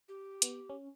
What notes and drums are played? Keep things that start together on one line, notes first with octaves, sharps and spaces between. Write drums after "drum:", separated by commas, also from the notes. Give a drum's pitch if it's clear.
G4
B3, drum: hi-hat
C#4